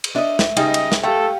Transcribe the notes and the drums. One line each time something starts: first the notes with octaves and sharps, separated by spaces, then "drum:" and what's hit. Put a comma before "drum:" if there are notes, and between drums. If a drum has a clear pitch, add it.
drum: cymbal
D4 D#5 E5
drum: snare
C#3 G3 D#4 D#5, drum: cymbal
drum: cymbal
drum: snare
A3 G4 A4 F5 G5